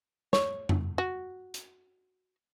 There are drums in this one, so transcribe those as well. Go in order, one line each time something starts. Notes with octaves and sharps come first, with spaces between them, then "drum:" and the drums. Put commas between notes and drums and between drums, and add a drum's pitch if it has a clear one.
C#5, drum: snare
drum: tom F2
F#4
drum: hi-hat